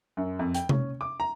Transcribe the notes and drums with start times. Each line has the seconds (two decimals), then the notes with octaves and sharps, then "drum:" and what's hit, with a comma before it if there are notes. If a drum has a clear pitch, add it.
0.17 F#2
0.39 F2
0.55 G5, drum: hi-hat
0.69 C#4, drum: tom C3
1.01 D6
1.20 A#5